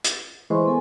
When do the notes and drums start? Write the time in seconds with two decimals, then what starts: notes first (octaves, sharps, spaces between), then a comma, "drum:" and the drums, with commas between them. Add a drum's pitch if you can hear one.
0.04 drum: hi-hat
0.50 E3 G#3 C5 C6 C#6
0.66 B3 A4 G#5